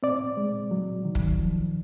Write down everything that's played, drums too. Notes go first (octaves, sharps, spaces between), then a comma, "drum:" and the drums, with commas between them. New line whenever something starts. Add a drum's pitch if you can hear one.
C4 D5
G#3
F#3
D#3
drum: kick
F3